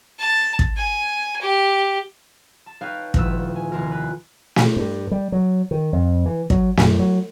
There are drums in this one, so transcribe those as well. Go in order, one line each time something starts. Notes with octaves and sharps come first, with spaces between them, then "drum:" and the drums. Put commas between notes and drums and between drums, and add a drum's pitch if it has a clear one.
A5
drum: kick
G#5
G4
A5
D#4 B4 C#5 F5 G5
D#1 D2 F3 B3 E4 E6, drum: kick
G#5
F1 D#2 F4 A#4
B4
drum: snare
G2
G3
F#3
D#3
F2
E3
F#3, drum: kick
F#2, drum: snare
F#3